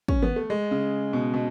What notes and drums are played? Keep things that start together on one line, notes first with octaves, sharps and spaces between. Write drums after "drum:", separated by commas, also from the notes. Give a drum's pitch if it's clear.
C#4, drum: kick
B3, drum: tom D#3
A3
G#3
C#3
B2
B2